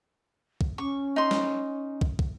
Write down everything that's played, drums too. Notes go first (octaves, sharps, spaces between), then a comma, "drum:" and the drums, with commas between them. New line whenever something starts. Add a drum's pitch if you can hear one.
drum: kick
C#4 C#6
D#4 C6
drum: snare
drum: kick
drum: kick